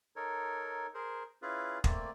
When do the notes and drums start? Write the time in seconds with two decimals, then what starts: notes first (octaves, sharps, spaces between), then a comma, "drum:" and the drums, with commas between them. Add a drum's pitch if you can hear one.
0.16 D#4 A4 A#4 C#5
0.94 G#4 A#4 C5
1.42 C#4 E4 F4 G#4 B4
1.84 A3 A#3 C4 D5, drum: kick